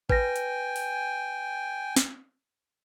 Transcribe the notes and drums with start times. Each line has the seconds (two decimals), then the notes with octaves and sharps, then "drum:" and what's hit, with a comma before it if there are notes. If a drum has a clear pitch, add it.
0.10 B4 G5 G#5 A#6, drum: kick G#1
0.36 drum: hi-hat
0.76 drum: open hi-hat
1.96 drum: snare